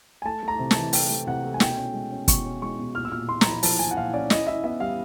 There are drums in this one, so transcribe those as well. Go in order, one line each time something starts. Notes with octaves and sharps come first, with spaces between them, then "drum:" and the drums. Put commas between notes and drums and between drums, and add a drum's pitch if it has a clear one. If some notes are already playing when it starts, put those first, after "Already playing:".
G#5
A3 A5
A3 A#5
C3
A5, drum: snare
E3
A3 G5, drum: open hi-hat
A3
C3 F#5
A3
G#5
B2 G5, drum: snare
C#4
G#3
C#4
B2 C#6, drum: kick, hi-hat
C#4
G#3 C#6
B2
A#2 F6
E6
A#2 F6
A#2 C6
A#5, drum: snare
F3 B5
F3 A5, drum: open hi-hat
F3 G#5
F#5
A#2 F5
C#4 D5
E4 D#5, drum: snare
E4 E5
B3 E5
G3 F5